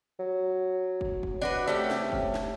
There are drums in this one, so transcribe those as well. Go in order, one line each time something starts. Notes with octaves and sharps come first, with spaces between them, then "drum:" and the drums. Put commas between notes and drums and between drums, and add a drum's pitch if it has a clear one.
F#3
drum: kick
drum: kick
D4 F#4 B4
C3 A3 C#4 G4
drum: snare
drum: kick
drum: snare